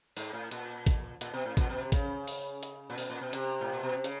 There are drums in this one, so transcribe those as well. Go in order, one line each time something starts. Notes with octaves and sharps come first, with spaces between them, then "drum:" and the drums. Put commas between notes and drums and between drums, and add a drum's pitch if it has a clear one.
G#2, drum: open hi-hat
A2
A#2, drum: hi-hat
drum: kick, hi-hat
A#2, drum: hi-hat
B2
A2
A#2, drum: kick, hi-hat
B2
C3
C#3, drum: kick, hi-hat
drum: open hi-hat
drum: hi-hat
A#2
B2, drum: open hi-hat
A#2
B2
C3, drum: hi-hat
A2
A#2
B2
C3
C#3, drum: hi-hat